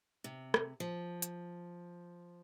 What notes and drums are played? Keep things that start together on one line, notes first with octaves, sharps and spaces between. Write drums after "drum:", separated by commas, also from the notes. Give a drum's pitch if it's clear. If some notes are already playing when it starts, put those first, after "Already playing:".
C3
drum: rim click
F3
drum: hi-hat